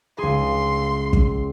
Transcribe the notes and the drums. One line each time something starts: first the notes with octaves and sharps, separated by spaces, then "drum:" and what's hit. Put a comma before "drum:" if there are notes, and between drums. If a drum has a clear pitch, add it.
C#2 G#4 C6
drum: kick